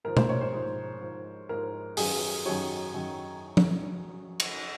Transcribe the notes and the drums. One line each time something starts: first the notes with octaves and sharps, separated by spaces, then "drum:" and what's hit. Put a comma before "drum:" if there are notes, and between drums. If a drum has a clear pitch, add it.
G#2 F3 A#4
C5, drum: tom B2
C#5
C5
G#2 F3
G#2 F3
G#2 F3 A#4
F#2 D#3 F#3 G#4, drum: open hi-hat
F#2 D#3 F#3 C#5
F#2 D#3 F#3
drum: tom F3
drum: cymbal